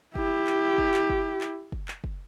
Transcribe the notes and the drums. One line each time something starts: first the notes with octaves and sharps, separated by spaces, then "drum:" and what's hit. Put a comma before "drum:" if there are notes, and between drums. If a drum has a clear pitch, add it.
E4 G4, drum: kick
drum: clap
drum: kick
drum: clap
drum: kick
drum: clap
drum: kick
drum: clap
drum: kick